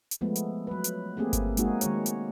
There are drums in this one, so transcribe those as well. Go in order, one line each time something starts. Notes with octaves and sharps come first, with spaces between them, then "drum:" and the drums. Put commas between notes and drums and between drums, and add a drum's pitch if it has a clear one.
drum: hi-hat
F3 G#3 A3 B3
drum: hi-hat
F#3 B4
drum: hi-hat
A3 A#3 C4 G4 G#4
drum: kick G1, hi-hat
G#3 A#3 D#4 F#4 G#4, drum: hi-hat
D#3 G#3 C#5, drum: hi-hat
drum: hi-hat